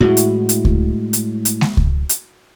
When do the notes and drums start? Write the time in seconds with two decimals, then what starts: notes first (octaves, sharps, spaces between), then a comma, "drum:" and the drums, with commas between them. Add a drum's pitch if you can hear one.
0.01 A2 G#3 E4 F#4
0.17 drum: hi-hat
0.49 drum: hi-hat
0.65 drum: kick C#2
1.13 drum: hi-hat
1.45 drum: hi-hat
1.61 drum: snare G#3
1.77 drum: kick C#2
2.09 drum: hi-hat